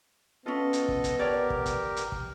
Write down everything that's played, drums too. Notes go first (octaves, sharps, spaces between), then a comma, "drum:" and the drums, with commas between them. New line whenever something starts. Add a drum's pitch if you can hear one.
B3 C#4 F4 A4 D#5
drum: hi-hat
drum: kick
drum: kick, hi-hat
G4 A#4 C#5 D5
drum: kick
drum: kick, hi-hat
drum: hi-hat
drum: kick